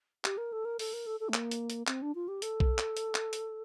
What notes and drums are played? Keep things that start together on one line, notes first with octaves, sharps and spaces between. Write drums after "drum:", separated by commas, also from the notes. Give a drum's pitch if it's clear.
G4, drum: clap
A#4
A4
A#4
A4, drum: open hi-hat
A#4
A4
A4
A3
A#3, drum: clap
drum: hi-hat
drum: hi-hat
C4, drum: clap
D4
F4
G4
A4, drum: hi-hat
drum: kick B1
drum: clap
drum: hi-hat
drum: clap
drum: hi-hat